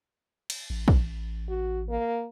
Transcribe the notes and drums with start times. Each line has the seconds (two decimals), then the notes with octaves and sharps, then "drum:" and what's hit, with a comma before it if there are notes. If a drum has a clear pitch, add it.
0.50 drum: cymbal
0.70 A1
0.88 drum: kick
1.49 F#4
1.89 A#3